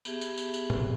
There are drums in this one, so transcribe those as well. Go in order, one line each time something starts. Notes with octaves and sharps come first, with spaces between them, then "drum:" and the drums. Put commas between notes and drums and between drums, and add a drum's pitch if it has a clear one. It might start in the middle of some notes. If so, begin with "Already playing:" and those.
B3 G4 G#4 E5 A5 B5, drum: tambourine
drum: tambourine
drum: tambourine
drum: tambourine
drum: tom